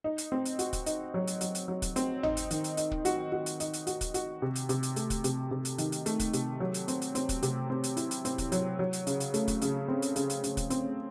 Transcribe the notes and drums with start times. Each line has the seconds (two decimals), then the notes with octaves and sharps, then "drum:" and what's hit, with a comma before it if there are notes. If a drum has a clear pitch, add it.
0.04 D#4
0.18 drum: hi-hat
0.32 C4
0.45 drum: hi-hat
0.59 F#4, drum: hi-hat
0.73 drum: kick, hi-hat
0.86 D#4, drum: hi-hat
1.14 F#3
1.27 drum: hi-hat
1.41 F#3, drum: hi-hat
1.55 drum: hi-hat
1.68 F#3
1.82 drum: kick, hi-hat
1.96 C4, drum: hi-hat
2.23 D#4, drum: tom
2.37 drum: hi-hat
2.51 D#3, drum: hi-hat
2.64 drum: hi-hat
2.77 D#4, drum: hi-hat
2.91 drum: kick
3.05 F#4, drum: hi-hat
3.32 F#4
3.46 drum: hi-hat
3.60 D#4, drum: hi-hat
3.73 drum: hi-hat
3.87 F#4, drum: hi-hat
4.01 drum: kick, hi-hat
4.14 F#4, drum: hi-hat
4.42 C3
4.55 drum: hi-hat
4.69 C3, drum: hi-hat
4.83 drum: hi-hat
4.96 A3, drum: hi-hat
5.10 drum: kick, hi-hat
5.24 C3, drum: hi-hat
5.51 C3
5.65 drum: hi-hat
5.78 D#3, drum: hi-hat
5.92 drum: hi-hat
6.06 A3, drum: hi-hat
6.20 drum: kick, hi-hat
6.33 C3, drum: hi-hat
6.60 F#3
6.74 drum: hi-hat
6.88 C4, drum: hi-hat
7.02 drum: hi-hat
7.15 C4, drum: hi-hat
7.29 drum: kick, hi-hat
7.43 C3, drum: hi-hat
7.70 C4
7.84 drum: hi-hat
7.97 E4, drum: hi-hat
8.11 drum: hi-hat
8.25 C4, drum: hi-hat
8.38 drum: kick, hi-hat
8.52 F#3, drum: hi-hat
8.79 F#3
8.93 drum: hi-hat
9.07 C#3, drum: hi-hat
9.20 drum: hi-hat
9.34 A3, drum: hi-hat
9.48 drum: kick, hi-hat
9.62 C#3, drum: hi-hat
9.88 C4
10.02 drum: hi-hat
10.16 C#3, drum: hi-hat
10.30 drum: hi-hat
10.44 C#3, drum: hi-hat
10.57 drum: kick, hi-hat
10.70 C4, drum: hi-hat